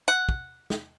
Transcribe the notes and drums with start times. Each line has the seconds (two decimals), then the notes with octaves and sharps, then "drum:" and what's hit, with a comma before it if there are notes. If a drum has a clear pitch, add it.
0.08 F#5
0.29 drum: kick
0.70 drum: snare